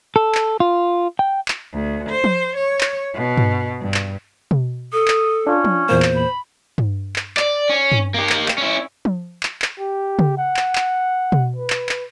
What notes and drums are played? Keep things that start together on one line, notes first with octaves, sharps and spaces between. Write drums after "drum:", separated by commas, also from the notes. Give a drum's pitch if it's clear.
A4
drum: clap
F4
G5
drum: clap
D2
C5
drum: tom F3
C#5
drum: clap
B2
drum: tom G2
G2
drum: clap
drum: tom B2
A4 D#6
drum: clap
C#4 D4 F4
drum: tom F3
E2 A#2 A#3 C5
drum: clap
B5
drum: tom G2
drum: clap
D5, drum: clap
C#4
drum: tom G2
A#3 G4
drum: clap
drum: clap
C#4 E4
drum: tom F3
drum: clap
drum: clap
G4
drum: tom C#3
F#5
drum: clap
drum: clap
drum: tom B2
B4
drum: clap
drum: clap